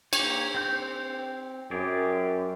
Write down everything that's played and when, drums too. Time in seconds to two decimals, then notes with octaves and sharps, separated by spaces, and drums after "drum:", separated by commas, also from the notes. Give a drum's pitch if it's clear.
0.13 A#3 G4 C#5, drum: cymbal
0.54 C4 G6
1.71 F#2 G4 G#4 D5